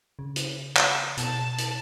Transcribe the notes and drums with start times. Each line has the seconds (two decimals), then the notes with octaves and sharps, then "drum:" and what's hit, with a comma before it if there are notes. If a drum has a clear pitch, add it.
0.19 C#3
0.36 drum: hi-hat
0.77 drum: clap
1.17 B2 A5, drum: hi-hat
1.58 drum: hi-hat